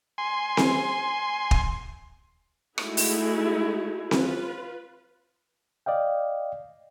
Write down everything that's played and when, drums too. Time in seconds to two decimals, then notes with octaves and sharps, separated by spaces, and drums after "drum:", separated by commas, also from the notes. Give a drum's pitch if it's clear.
0.18 G#5 C6
0.57 drum: snare C4
1.51 drum: kick
2.78 G#3 A3 D#4 E4 F#4 G#4, drum: rim click
2.97 drum: open hi-hat
4.11 F4 B4, drum: snare C4
5.86 D5 D#5 F5 G5